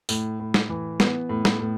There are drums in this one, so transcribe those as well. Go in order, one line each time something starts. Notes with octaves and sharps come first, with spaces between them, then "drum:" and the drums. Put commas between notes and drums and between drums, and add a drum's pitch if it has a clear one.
A2, drum: tambourine
A2
drum: snare
E3
B3, drum: snare
A2
drum: snare
A2